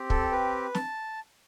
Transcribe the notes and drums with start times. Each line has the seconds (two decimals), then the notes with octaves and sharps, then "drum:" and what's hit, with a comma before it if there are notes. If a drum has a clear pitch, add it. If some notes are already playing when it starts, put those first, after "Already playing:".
Already playing: C4 G4
0.10 A4, drum: kick
0.32 B4
0.75 A5, drum: snare